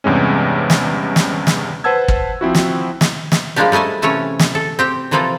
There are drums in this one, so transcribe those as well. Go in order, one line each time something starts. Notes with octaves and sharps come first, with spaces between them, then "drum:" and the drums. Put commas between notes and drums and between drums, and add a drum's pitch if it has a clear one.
E2 G2 C3 G#3 C#4
drum: snare
drum: snare
drum: snare
B4 C5 F#5 A5 E6 G#6
drum: kick
F3 C4 E4 F#4
drum: snare
drum: snare
drum: snare
F3 G3 G#3 A#3 D4 G4
G3 A3 D#5 G#5 A5
C3 E3 A3 C#4 C#5
drum: snare
A4
C4 G4 G5
C3 E3 F3 A#3 F4 A4